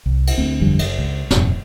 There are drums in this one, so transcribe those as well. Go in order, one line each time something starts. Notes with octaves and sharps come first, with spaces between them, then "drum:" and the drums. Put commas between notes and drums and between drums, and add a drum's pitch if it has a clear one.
C2
drum: cymbal
D2 D3 C4
G1 F2 D3 G3
F#1, drum: cymbal
C#2
E1 F#2 A2 F#3, drum: snare